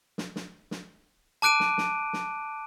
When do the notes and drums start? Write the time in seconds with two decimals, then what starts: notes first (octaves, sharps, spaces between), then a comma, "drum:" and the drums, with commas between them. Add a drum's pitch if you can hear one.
0.18 drum: snare
0.36 drum: snare
0.71 drum: snare
1.42 A5 D6 F#6 D7 D#7
1.60 drum: snare
1.78 drum: snare
2.13 drum: snare